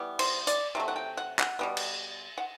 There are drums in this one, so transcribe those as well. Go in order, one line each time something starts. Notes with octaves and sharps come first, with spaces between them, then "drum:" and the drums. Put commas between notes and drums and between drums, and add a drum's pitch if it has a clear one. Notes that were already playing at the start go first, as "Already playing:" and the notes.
Already playing: E3 G3 B3
C5, drum: cymbal
D5, drum: hi-hat
C3 F#3 A3
F#5
G5
F#5
F#5, drum: clap
B2 G3 B3
drum: cymbal
F#5